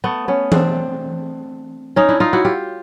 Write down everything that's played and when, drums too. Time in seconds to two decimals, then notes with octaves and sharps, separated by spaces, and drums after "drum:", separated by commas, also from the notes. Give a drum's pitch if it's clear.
0.04 A3 B3
0.28 B3 C#4
0.52 C4 D4, drum: tom E3
1.96 C#4 D#4
2.09 D4 E4
2.20 D#4 F4
2.33 E4 F#4
2.45 F4 G4